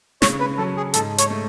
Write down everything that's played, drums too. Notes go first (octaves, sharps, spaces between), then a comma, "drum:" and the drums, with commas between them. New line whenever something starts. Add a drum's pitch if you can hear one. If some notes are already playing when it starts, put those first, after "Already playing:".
C#3 C#5, drum: snare
B4
F#3 C#4 A4
G#4
G#2 A4, drum: hi-hat
C#5, drum: hi-hat
A3